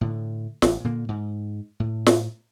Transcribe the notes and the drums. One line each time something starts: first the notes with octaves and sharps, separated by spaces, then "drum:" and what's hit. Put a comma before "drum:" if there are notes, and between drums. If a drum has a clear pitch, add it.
A2 D3
A1, drum: snare
A#2 D3 A#3
G#2
A2
drum: snare